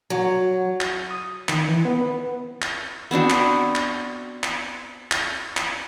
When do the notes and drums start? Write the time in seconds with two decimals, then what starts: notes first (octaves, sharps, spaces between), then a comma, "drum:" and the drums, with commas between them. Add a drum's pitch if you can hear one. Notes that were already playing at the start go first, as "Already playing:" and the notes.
0.10 F#3
0.81 drum: clap
1.11 D#6
1.49 D#3, drum: clap
1.68 E3
1.85 B3
2.01 B4
2.62 drum: clap
3.11 B3 C4 D4 F#4
3.30 drum: clap
3.76 drum: clap
4.44 drum: clap
5.12 drum: clap
5.57 drum: clap